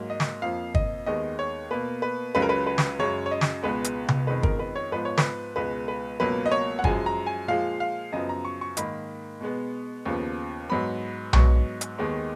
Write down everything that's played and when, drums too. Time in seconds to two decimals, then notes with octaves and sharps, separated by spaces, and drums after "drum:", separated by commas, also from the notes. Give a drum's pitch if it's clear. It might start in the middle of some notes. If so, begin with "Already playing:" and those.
Already playing: G#2 F#3 A#3
0.10 D#5
0.20 drum: snare
0.42 F2 F3 A#3 F5
0.75 D#5, drum: kick
1.06 D#2 D#3 G#3 B3 D#5
1.39 C#5
1.71 B2 A#3 B4
2.02 B4
2.35 C#2 C#3 F#3 B4
2.42 A#4
2.49 B4
2.67 B4
2.78 drum: snare
2.99 F#2 C#3 G#3 C#5
3.26 C#5
3.31 D#5
3.41 drum: snare
3.63 C#2 B2 G#3 B3 B4
3.84 drum: hi-hat
4.08 drum: tom C3
4.27 F2 D#3 G#3 B3 B4
4.43 A#4, drum: kick
4.59 B4
4.76 C#5
4.92 G#2 F3 B3 B4
5.05 C#5
5.18 B4, drum: snare
5.56 C#2 B2 G#3 B4
5.88 B4
6.20 C#2 B2 F#3 A#3 B4
6.46 D#5
6.52 C#5
6.79 F#5
6.84 F#2 F3 G#3 G#5, drum: kick
7.06 A#5
7.27 G#5
7.48 A#2 F3 G#3 F5
7.80 F5
8.12 F#2 C#3 F3 B3 D#5
8.29 A#5
8.45 C#6
8.61 C#6
8.77 G#2 D#3 A#3 B5, drum: hi-hat
9.41 B2 G#3 B3
10.06 D#2 C#3 F3 B3
10.70 G#2 F#3 B3 B5
11.33 G#2 F#3 B3 C#6, drum: tom B1
11.81 drum: hi-hat
11.98 D#2 D#3 G#3 B3